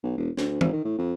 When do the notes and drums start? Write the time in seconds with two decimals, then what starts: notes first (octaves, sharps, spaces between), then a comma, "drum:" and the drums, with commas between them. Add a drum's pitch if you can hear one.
0.04 B1
0.17 E1
0.37 D2, drum: snare
0.61 G#1, drum: tom
0.73 D#3
0.85 A2
0.98 F2